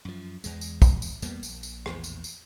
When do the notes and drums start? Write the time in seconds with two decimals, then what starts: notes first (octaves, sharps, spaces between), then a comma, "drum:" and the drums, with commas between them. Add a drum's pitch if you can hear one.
0.05 F#2 F3
0.44 E2 G#3, drum: tambourine
0.61 drum: tambourine
0.82 drum: kick, tambourine
1.02 drum: tambourine
1.22 E2 G3 A#3 B3, drum: tambourine
1.43 A#1, drum: tambourine
1.63 drum: tambourine
1.86 A#1 E2 A2, drum: rim click
2.04 drum: tambourine
2.24 drum: tambourine